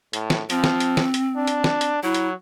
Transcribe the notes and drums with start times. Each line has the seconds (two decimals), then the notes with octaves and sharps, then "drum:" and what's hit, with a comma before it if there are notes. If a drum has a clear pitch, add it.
0.13 A2, drum: hi-hat
0.30 drum: snare
0.50 F3 C4, drum: hi-hat
0.64 drum: snare
0.80 drum: hi-hat
0.97 drum: snare
1.14 drum: hi-hat
1.36 D4
1.47 drum: hi-hat
1.64 drum: snare
1.81 drum: hi-hat
2.03 F#3 E4
2.14 drum: hi-hat